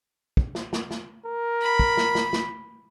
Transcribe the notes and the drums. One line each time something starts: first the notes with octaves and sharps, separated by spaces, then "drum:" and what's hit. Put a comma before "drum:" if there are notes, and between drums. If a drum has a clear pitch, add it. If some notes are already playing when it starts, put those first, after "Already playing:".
drum: kick
drum: snare
drum: snare
drum: snare
A#4
B5
drum: kick
drum: snare
drum: snare
drum: snare